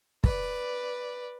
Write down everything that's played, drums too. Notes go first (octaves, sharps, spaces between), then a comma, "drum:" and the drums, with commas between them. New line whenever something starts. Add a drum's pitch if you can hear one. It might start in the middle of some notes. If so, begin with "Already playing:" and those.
B4 D5, drum: kick